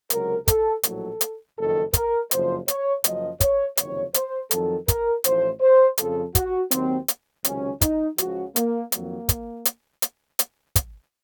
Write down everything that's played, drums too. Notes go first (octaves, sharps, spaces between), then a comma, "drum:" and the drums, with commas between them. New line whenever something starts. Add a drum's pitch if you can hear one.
C#2 C3 F#3 A#4, drum: hi-hat
A4, drum: kick, hi-hat
A#1 A2 F#3 A4, drum: hi-hat
drum: hi-hat
F#1 F2 D#3 A4
A#4, drum: kick, hi-hat
F#1 F2 C#3 F3 C5, drum: hi-hat
C#5, drum: hi-hat
F#1 F#2 F3 D#5, drum: hi-hat
C#5, drum: kick, hi-hat
F#1 F2 C3 D#3 C#5, drum: hi-hat
C5, drum: hi-hat
F2 D#3 F#3 A4, drum: hi-hat
A#4, drum: kick, hi-hat
A1 A2 F3 C5, drum: hi-hat
C5
F2 C#3 F3 A4, drum: hi-hat
F#4, drum: kick, hi-hat
D#2 D#3 F#3 C4, drum: hi-hat
drum: hi-hat
C#2 C3 D#3 F#3 C#4, drum: hi-hat
D#4, drum: kick, hi-hat
C#2 C#3 F3 F#4, drum: hi-hat
A#3, drum: hi-hat
F2 D#3 F#3 A#3, drum: hi-hat
drum: kick, hi-hat
drum: hi-hat
drum: hi-hat
drum: hi-hat
drum: kick, hi-hat